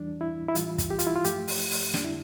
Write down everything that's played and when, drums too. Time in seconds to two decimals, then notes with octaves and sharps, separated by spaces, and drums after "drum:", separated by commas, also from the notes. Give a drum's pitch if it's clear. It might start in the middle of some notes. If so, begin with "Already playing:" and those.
Already playing: E2 E3 G3 D4
0.21 E4
0.48 E4
0.55 A2 E3 G3 F4, drum: hi-hat
0.78 drum: kick, hi-hat
0.90 G4
0.99 F4, drum: hi-hat
1.07 E4
1.16 F4
1.24 G2 F3 A3 G4, drum: hi-hat
1.48 drum: open hi-hat
1.71 drum: open hi-hat
1.94 F2 D3 G3 D4, drum: snare
2.05 E4